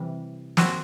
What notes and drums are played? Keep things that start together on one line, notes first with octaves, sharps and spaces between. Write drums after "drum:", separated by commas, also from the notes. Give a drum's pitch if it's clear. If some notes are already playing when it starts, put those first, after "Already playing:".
Already playing: C3 E3 G3
F#3 C4 F#4, drum: snare